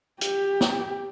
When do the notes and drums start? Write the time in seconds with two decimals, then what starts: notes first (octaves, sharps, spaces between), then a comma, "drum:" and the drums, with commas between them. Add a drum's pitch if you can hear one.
0.21 G4, drum: hi-hat
0.61 drum: snare